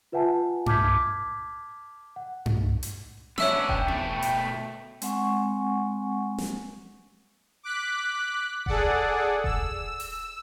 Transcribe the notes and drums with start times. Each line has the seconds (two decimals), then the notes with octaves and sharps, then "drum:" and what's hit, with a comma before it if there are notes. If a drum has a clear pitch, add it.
0.12 F4 B4 E5 F#5 G#5 A5
0.66 A5 D6 F6 G6 G#6 B6, drum: tom G2
2.16 F#5
2.46 drum: tom G2
2.83 drum: hi-hat
3.38 B3 C#4 D4 C#5 E5 E6, drum: snare
3.69 G5, drum: kick E1
3.88 B2 A3, drum: tom B3
4.22 drum: hi-hat
5.02 G#3 C4 F#5 G#5 C#6, drum: hi-hat
6.38 drum: snare
7.63 D6 F#6 B6
8.66 G#4 A4 D5 F#5, drum: kick E1
9.44 E6, drum: kick E1
10.00 drum: open hi-hat